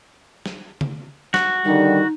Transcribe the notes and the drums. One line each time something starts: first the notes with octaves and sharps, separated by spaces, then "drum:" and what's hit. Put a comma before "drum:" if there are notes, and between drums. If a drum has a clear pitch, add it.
drum: snare
drum: tom
F#4, drum: snare
D3 D#3 G3 D#4